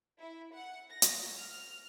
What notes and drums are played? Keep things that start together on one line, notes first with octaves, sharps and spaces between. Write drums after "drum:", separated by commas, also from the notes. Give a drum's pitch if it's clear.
E4
F#5
A#6
drum: hi-hat
F6